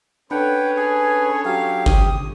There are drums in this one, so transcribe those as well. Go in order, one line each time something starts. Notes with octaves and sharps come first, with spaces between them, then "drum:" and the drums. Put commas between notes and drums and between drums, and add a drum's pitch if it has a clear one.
C#4 D4 A4 B4 C#5 F#5 G5
G#4
F#3 G4 F5
D#6, drum: kick G1